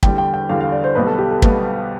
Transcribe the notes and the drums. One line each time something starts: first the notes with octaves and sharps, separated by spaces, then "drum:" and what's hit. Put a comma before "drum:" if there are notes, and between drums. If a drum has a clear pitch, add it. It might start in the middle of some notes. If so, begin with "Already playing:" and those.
E2 D3 G3 G5, drum: kick
G5
G5
E2 D3 G3 F5
F5
D5
C5
B1 B2 G3 B3 B4
A4
G4
A4
B1 B2 G3 B3 B4, drum: kick